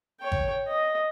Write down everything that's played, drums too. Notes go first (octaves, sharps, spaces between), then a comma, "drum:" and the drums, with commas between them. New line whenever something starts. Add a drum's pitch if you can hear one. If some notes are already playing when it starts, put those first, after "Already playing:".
C#5 G5
drum: kick
D#5